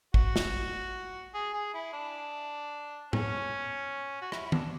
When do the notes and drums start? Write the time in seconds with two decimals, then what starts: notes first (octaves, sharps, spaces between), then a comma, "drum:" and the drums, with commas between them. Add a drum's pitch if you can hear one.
0.14 F#4, drum: kick A1
0.36 drum: snare
1.34 G#4
1.53 G#4
1.74 E4
1.93 D4
3.13 C#4, drum: tom A2
4.22 F#4
4.32 E4, drum: rim click
4.46 E4
4.52 D4, drum: tom